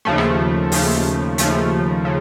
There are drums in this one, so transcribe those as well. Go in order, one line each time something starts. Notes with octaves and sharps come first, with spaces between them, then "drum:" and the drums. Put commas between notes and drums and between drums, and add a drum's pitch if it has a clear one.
D#2 C#3 F3 A3
drum: rim click
D#2 C#3 F3 A3, drum: open hi-hat
D#2 C#3 F3 A3, drum: hi-hat
C#3